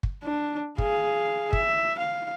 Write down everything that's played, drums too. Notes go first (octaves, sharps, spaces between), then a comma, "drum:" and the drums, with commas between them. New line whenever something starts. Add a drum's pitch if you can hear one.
drum: kick
D4
G#4 F5, drum: kick
E5, drum: kick
F5